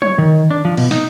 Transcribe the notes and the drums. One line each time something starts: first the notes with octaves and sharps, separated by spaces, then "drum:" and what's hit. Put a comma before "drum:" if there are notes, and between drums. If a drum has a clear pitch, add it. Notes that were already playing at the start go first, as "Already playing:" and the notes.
C#5, drum: tom F#3
D#3
D4
F3
B2, drum: cymbal
D#4, drum: snare